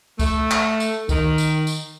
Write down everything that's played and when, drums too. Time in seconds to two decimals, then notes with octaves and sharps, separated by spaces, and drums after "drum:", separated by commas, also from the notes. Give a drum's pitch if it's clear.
0.19 A3, drum: kick C#2, tambourine
0.51 drum: clap
0.80 drum: tambourine
1.09 D#3, drum: kick C#2, tambourine
1.38 drum: tambourine
1.67 drum: tambourine